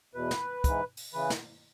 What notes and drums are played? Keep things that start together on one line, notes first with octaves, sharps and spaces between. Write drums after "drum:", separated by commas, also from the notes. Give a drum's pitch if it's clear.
E2 B2 B4
drum: snare
G#2 E3, drum: kick, hi-hat
drum: open hi-hat
C#3 E3 B4
drum: snare